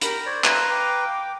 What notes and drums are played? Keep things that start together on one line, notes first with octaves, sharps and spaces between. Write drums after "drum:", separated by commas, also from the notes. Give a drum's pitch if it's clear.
G4 A#4 B5, drum: hi-hat
C5 D5 C#6 G#6
B4 E5 F5 A#5 C6, drum: clap
G5 D6